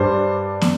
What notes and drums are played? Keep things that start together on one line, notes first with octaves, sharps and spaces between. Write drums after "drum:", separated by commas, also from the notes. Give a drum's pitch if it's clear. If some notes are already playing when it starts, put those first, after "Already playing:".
Already playing: G2 G3 D4 C5
drum: snare